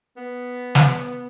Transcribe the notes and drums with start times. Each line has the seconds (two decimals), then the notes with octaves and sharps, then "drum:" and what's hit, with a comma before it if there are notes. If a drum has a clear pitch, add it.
0.17 B3
0.75 drum: snare